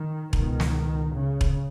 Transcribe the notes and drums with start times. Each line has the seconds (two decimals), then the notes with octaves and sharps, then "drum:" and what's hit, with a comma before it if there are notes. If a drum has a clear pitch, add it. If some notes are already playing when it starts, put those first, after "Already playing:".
Already playing: D#3
0.33 C#2 B2 D#3, drum: kick E1
0.60 drum: snare
1.13 C#3
1.41 drum: kick E1